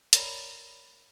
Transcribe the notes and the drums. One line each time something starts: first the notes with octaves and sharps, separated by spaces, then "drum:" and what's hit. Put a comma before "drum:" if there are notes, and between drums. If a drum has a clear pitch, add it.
A#4 C#5 D5 A#5 B5, drum: hi-hat